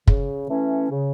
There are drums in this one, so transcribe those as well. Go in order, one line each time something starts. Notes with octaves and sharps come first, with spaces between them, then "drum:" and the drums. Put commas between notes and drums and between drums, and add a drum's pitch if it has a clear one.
C#3, drum: kick
E3 A3 C#4
C#3